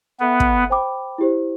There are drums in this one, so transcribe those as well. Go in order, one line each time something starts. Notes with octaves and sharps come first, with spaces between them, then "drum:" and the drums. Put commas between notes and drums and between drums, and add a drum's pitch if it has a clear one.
B3 A4 E5 G5
drum: kick
C5 G5 B5 D6
E4 G4 C5